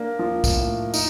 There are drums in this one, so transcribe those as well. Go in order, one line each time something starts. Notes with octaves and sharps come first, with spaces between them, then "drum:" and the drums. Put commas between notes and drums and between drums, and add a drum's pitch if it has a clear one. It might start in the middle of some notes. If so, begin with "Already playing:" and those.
Already playing: A#3 D4
F3
drum: kick, tambourine
A2
D#4, drum: tambourine